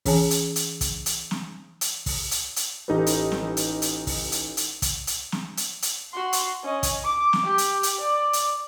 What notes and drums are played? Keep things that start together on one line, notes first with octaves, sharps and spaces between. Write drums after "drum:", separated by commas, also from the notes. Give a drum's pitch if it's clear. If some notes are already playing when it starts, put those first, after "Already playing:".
E3 C#4 G#4 C#5 G#5 A5, drum: kick, open hi-hat
drum: hi-hat
drum: hi-hat
drum: kick, hi-hat
drum: hi-hat
drum: snare
drum: hi-hat
drum: kick, open hi-hat
drum: hi-hat
drum: hi-hat
A1 D#4 G4 A4 B4
drum: hi-hat
drum: snare
drum: hi-hat
drum: hi-hat
drum: kick, open hi-hat
drum: hi-hat
drum: hi-hat
drum: kick, hi-hat
drum: hi-hat
drum: snare
drum: hi-hat
drum: hi-hat
F#4 C6
drum: hi-hat
C#4 D#5
drum: kick, hi-hat
D6
drum: snare
G4
drum: hi-hat
drum: hi-hat
D5
drum: hi-hat